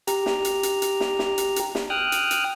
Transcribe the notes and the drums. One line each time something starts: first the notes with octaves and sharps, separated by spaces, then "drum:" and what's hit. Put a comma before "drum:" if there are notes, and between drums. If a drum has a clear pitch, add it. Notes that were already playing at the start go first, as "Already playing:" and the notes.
G4 A#5, drum: hi-hat
drum: snare
drum: hi-hat
drum: hi-hat
drum: hi-hat
drum: snare
drum: snare
drum: hi-hat
drum: hi-hat
drum: snare
G5 D#6 F6 F#6
drum: hi-hat
drum: hi-hat